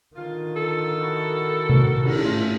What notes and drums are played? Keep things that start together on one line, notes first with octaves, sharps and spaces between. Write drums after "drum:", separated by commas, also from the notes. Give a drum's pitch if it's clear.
D3 D#3 F4
A4
E4 F#4
drum: tom C3
drum: cymbal
G#2 A3 F4